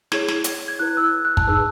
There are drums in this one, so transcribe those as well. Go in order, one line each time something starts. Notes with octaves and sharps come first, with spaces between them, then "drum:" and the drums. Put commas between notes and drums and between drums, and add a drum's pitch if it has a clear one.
E4 G#4 C#5 G#6, drum: snare
drum: snare
drum: hi-hat
G#6
E4 B4 F#6
E6
F#6
A5, drum: kick
D#4 G#4 B4 E6